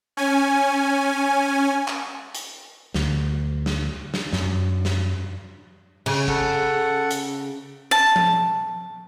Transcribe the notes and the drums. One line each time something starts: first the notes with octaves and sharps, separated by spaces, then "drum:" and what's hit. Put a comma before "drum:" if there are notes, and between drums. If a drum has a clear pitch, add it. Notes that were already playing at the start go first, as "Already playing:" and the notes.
C#4 G#5
drum: clap
drum: hi-hat
D2, drum: snare
drum: snare
drum: snare
F#2, drum: snare
drum: snare
C#3, drum: cymbal
A4 F#5, drum: kick
drum: hi-hat
A5
drum: tom F3